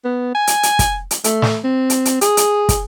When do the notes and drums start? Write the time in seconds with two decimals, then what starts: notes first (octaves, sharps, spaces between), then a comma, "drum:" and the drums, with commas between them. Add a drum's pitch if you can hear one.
0.04 B3
0.35 G#5
0.47 drum: hi-hat
0.63 drum: hi-hat
0.79 drum: kick, hi-hat
1.11 drum: hi-hat
1.24 A3, drum: hi-hat
1.42 drum: snare
1.64 C4
1.90 drum: hi-hat
2.05 drum: hi-hat
2.21 G#4, drum: hi-hat
2.37 drum: hi-hat
2.69 drum: kick, hi-hat